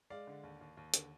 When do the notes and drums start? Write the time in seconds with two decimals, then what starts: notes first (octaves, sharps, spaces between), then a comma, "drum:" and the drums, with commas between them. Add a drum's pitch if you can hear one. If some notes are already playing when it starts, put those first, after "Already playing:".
0.10 G#3 D5 F5
0.27 D3
0.43 D#2
0.61 D#2
0.77 D#2
0.94 D3, drum: hi-hat